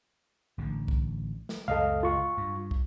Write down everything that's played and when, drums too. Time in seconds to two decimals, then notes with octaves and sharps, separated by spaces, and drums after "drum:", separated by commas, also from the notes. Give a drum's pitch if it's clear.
0.58 A1 D3
0.88 drum: kick
1.49 drum: snare
1.68 C#2 F#2 A4 D#5 F5
2.03 F4 C#6
2.37 G2
2.71 drum: kick